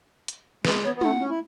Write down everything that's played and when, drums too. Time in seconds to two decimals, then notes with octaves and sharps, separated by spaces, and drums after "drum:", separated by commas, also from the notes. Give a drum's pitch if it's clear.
0.28 drum: hi-hat
0.65 G#3 B4, drum: snare
0.83 B3 C#5
0.96 B3
1.01 A3 F#5, drum: tom
1.20 C#4
1.30 E4